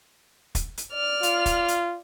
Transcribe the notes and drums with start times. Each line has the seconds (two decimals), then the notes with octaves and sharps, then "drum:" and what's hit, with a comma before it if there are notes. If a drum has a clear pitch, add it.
0.55 drum: kick, hi-hat
0.77 drum: hi-hat
0.92 D5 F6
1.23 F4, drum: hi-hat
1.46 drum: kick, hi-hat
1.68 drum: hi-hat